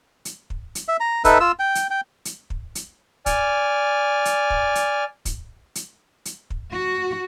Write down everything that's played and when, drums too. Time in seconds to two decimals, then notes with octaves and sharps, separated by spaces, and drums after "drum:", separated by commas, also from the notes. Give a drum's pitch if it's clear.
0.25 drum: hi-hat
0.50 drum: kick
0.75 drum: hi-hat
0.88 E5
1.00 A#5
1.25 D#4 A4 B4 E5, drum: kick, hi-hat
1.40 F4 E6
1.59 G5
1.75 drum: hi-hat
1.90 G5
2.25 drum: hi-hat
2.50 drum: kick
2.75 drum: hi-hat
3.26 D5 G#5 F6, drum: kick, hi-hat
4.25 drum: hi-hat
4.50 drum: kick
4.75 drum: hi-hat
5.25 drum: kick, hi-hat
5.75 drum: hi-hat
6.25 drum: hi-hat
6.50 drum: kick
6.71 F#4